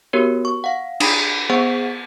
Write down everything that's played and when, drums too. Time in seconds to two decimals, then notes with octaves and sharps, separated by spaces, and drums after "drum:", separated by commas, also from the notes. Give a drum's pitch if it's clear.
0.13 B3 F#4 G4 A#4 C#5
0.45 C#6
0.64 F5 F#5
1.00 D4 B5, drum: cymbal
1.49 B3 G#4 C5 F#5 C#6